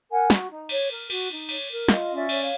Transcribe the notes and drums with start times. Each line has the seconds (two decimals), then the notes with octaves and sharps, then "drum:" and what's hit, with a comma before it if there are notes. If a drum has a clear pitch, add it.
0.10 A#4 F#5 G#5
0.30 F#4, drum: snare
0.50 D#4
0.69 C#5, drum: cymbal
0.89 A#4
1.10 F#4, drum: cymbal
1.30 D#4
1.49 C#5, drum: cymbal
1.70 A#4
1.88 F4 D#5 F5, drum: snare
2.09 C#4
2.15 D5 E5
2.29 C#5, drum: cymbal
2.42 F5